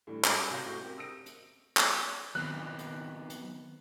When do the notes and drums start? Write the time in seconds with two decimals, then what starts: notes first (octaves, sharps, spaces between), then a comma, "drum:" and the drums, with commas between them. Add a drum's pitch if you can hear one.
0.07 A2 D3 E3 G3
0.24 G#2 G3 C#4, drum: clap
0.51 C3 F#4 F5 G6 A#6
0.65 A2 F#4 C#6
0.81 C4 G4 A#4
0.98 D#6 E6 A#6 D7
1.26 drum: hi-hat
1.77 drum: clap
2.35 D#3 F#3 B3 C4 F#6
2.79 drum: hi-hat
3.30 drum: hi-hat